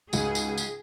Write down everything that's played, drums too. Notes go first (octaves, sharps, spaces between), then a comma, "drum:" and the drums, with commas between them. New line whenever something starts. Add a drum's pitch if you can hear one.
C#2 G#2 G#3 F#4 G#4, drum: tambourine
drum: tambourine
drum: tambourine